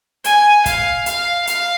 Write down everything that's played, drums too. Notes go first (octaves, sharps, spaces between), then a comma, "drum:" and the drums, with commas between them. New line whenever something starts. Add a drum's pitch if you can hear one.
G#5, drum: hi-hat
F5, drum: kick, hi-hat
F5, drum: hi-hat
F5, drum: hi-hat